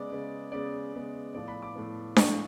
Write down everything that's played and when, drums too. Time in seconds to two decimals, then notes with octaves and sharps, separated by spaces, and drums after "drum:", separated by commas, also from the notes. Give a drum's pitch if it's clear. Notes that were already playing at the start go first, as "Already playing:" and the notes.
Already playing: C#3 G#3 B3 D5
0.12 C#3 G#3 B3
0.52 C#3 G#3 B3 D5
0.94 C#3 G#3 B3
1.34 A2 F3 B3 D5
1.48 B5
1.62 D6
1.75 A2 F3 B3
2.16 A2 F3 B3 C#6, drum: snare D4